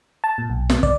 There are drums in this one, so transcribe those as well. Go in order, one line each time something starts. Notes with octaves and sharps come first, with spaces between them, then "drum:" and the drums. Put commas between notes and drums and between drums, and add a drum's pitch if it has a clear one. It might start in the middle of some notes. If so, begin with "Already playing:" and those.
A5
A#2
B1
B2, drum: snare
D5, drum: kick